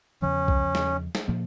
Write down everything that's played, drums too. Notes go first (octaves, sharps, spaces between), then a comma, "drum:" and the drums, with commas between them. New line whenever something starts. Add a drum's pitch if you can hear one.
E2 C#3 F3 C#4
drum: kick B1
drum: snare
drum: snare
A#2 F3 A#3